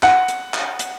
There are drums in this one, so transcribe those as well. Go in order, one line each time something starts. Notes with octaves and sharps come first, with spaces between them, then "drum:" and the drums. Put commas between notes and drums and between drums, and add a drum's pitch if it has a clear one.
F#5, drum: clap
drum: hi-hat
drum: clap
drum: hi-hat